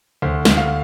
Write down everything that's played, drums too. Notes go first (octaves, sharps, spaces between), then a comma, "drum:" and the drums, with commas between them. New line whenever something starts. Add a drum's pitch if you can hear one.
D2 C5
D2, drum: snare
F5